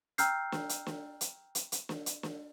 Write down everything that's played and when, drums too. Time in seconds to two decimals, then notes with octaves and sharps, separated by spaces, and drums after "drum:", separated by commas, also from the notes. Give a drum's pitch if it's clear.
0.18 G5 A#5 E6 F6 G6 C7, drum: hi-hat
0.52 drum: snare
0.69 drum: hi-hat
0.87 drum: snare
1.21 drum: hi-hat
1.55 drum: hi-hat
1.72 drum: hi-hat
1.89 drum: snare
2.06 drum: hi-hat
2.23 drum: snare